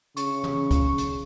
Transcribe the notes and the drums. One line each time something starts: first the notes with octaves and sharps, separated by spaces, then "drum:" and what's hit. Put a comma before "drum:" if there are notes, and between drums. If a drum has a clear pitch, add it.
C#3 C#6, drum: hi-hat
drum: tom
drum: kick, hi-hat
drum: hi-hat